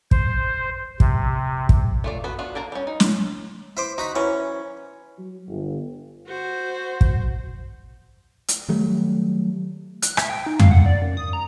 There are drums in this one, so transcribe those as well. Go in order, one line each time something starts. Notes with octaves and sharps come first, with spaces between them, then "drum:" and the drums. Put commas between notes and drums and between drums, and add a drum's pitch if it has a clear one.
C5, drum: kick
C3, drum: kick
drum: kick
A3 F4 D5
B3 F#4 B5
D4 F4 F#4
A#3 A#4 A5 A#5
G3 C#4
D#4
drum: snare
E4 C5 D6
D#4 F#4 A#5 B5
E3 F#3 C#4 C#5
F#3
G1
F#4 C5
drum: kick
drum: hi-hat
D#3 F#3 G3 A3
F#6, drum: hi-hat
E5, drum: rim click
G5
D#4
F5, drum: tom F2
F#5
D5
F#2
D#6
A#5